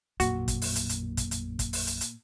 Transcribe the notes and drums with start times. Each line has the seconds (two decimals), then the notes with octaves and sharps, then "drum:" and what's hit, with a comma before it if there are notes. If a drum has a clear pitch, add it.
0.20 A1 F2 A#2 F#3 F#4, drum: hi-hat
0.48 drum: kick, hi-hat
0.62 drum: open hi-hat
0.75 drum: hi-hat
0.89 drum: hi-hat
1.17 drum: kick, hi-hat
1.31 drum: hi-hat
1.59 drum: kick, hi-hat
1.73 drum: open hi-hat
1.87 drum: hi-hat
2.01 drum: hi-hat